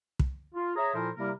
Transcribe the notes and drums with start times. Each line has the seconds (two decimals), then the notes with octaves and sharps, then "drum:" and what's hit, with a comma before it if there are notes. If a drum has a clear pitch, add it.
0.19 drum: kick
0.55 F4
0.76 G#4 C#5 E5 A#5
0.93 A#2 F3 E4 A4 A#4 C5
1.17 C3 G3 A#3 E4 A#4